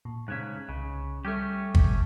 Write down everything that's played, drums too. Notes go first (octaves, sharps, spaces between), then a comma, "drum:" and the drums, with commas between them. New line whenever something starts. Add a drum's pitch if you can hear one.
A#2
G#2 C#3 F#6 G#6 B6
C2 C#3
G3 A3 C#4 G4 A4
drum: kick